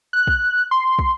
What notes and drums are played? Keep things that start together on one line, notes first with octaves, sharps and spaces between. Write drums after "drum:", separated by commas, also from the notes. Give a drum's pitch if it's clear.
F#6
drum: kick
C6
drum: kick